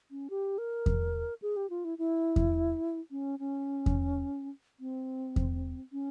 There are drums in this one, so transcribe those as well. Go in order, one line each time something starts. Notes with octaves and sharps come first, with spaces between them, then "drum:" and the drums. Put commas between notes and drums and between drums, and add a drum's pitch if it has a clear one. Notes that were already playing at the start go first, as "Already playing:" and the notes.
C#4
G4
A#4
drum: kick E2
G#4
G4
F4
E4
E4
drum: kick E2
C#4
C#4
drum: kick E2
C4
drum: kick E2
C#4